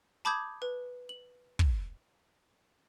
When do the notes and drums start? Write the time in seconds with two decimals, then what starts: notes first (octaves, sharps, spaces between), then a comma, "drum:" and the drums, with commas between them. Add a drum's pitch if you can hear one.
0.25 A5 B5 D6 D#6 G6 G#6
0.62 B4
1.09 F#7
1.59 drum: kick